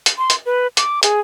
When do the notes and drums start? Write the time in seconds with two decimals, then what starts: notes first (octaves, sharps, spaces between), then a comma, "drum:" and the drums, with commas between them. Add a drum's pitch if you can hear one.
0.06 drum: hi-hat
0.18 C6
0.30 drum: hi-hat
0.46 B4
0.77 D6, drum: hi-hat
1.03 G#4, drum: hi-hat